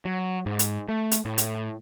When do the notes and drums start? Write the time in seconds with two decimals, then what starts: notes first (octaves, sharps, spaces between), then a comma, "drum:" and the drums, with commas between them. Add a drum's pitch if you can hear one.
0.05 F#3
0.46 G#2
0.59 drum: hi-hat
0.88 A3
1.11 drum: hi-hat
1.25 A2
1.38 drum: hi-hat